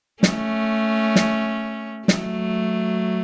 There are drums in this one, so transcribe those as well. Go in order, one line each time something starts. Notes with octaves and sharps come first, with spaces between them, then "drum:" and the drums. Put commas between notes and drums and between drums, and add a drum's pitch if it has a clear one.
A3 C#4, drum: snare
drum: snare
F#3 A3, drum: snare